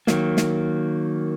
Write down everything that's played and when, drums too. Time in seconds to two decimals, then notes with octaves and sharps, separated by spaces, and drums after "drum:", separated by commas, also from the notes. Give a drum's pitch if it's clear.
0.07 D#3 F#3 A#3, drum: snare
0.37 drum: snare